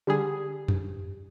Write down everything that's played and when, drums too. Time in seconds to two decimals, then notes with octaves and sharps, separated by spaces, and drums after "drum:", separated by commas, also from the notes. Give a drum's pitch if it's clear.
0.07 D3 G3 G4 G#4
0.68 drum: tom F2